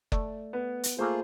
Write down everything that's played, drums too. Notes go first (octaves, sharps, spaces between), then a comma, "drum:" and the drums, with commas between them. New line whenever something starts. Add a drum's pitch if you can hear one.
A3 D5, drum: kick F#1
B3
drum: hi-hat
A3 A#3 F4 G#4 C5 A#5